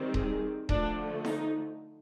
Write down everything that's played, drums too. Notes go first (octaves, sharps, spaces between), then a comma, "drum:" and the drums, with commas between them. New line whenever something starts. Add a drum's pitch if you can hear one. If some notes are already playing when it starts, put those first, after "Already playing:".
Already playing: D#3 G3 C4
G#4, drum: kick D#1
D3 F3 A3 D4, drum: kick D#1
D#4, drum: snare E4